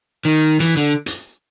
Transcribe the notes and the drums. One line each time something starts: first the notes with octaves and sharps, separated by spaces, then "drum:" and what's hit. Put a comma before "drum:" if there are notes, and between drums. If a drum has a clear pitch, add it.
D#3
E3, drum: hi-hat
D3
drum: hi-hat